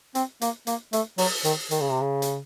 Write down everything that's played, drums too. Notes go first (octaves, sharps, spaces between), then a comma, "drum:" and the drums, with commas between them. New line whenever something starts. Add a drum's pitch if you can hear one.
C4, drum: hi-hat
A#3, drum: hi-hat
A#3, drum: hi-hat
A3, drum: hi-hat
F#3, drum: open hi-hat
D#3, drum: hi-hat
D#3, drum: hi-hat
C#3
C3
C#3
drum: hi-hat